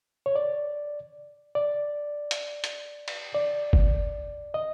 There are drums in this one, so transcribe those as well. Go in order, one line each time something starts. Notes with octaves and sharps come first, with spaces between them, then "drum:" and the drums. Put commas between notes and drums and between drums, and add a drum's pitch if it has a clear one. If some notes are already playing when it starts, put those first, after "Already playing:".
C#5
D5
D5
drum: hi-hat
drum: hi-hat
drum: cymbal
D5
drum: kick G1
D#5